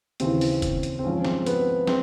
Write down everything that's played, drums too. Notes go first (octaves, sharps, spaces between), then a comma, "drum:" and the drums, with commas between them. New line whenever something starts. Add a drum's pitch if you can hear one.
D#2 C#3 E3 C4, drum: hi-hat
drum: open hi-hat
drum: kick F1, hi-hat
drum: hi-hat
C4
G#2 F3 C#4
C4, drum: snare
B3, drum: hi-hat
C4, drum: snare